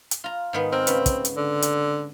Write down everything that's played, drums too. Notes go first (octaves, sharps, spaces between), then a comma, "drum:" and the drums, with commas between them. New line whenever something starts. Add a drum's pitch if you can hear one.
drum: hi-hat
F4 A#5
G#2 D#3 B3
C4 A#4
C#3 B3, drum: hi-hat
drum: kick, hi-hat
drum: hi-hat
D3
drum: hi-hat